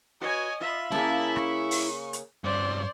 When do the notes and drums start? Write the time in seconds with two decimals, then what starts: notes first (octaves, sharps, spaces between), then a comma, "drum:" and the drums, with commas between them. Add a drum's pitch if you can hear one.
0.21 F#4 B4 C#5 D#5 G#5
0.61 F4 E5 B5
0.92 C#3 A#3 E4 G#4 A5, drum: snare
1.36 C#6, drum: rim click
1.71 drum: open hi-hat
2.13 drum: hi-hat
2.44 G2 C#4 C5 D5